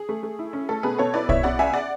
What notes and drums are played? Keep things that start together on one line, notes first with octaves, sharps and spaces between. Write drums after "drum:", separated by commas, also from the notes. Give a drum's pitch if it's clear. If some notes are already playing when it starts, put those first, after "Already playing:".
Already playing: G#4
A3
A3
E4
C#4
A3 A4
B2 G#4 B4
B2 A4 C#5
E4 B4 D5
E4 C#5 E5, drum: kick
B2 D5 F#5
C#2 E5 G#5
D5 F#5